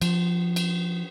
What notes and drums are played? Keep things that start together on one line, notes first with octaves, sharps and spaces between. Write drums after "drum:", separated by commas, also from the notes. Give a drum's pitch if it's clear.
F3, drum: cymbal
drum: cymbal